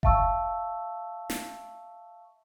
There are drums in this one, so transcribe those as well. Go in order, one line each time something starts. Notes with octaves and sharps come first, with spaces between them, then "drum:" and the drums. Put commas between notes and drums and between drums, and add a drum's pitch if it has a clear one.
E5 F5 A5 C#6 E6, drum: kick F1
drum: snare